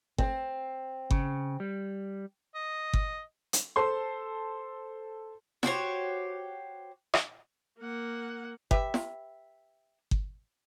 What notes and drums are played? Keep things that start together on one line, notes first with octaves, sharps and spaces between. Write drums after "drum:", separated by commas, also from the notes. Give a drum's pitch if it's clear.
C4, drum: kick G1
C#3, drum: kick G1
G3
D#5
drum: kick G1
drum: hi-hat
A4 C5 C6
F#4 G4 C5 C#5, drum: snare
drum: rim click
A#3 F#5
G4 B4 E5, drum: kick G1
drum: snare
drum: kick G1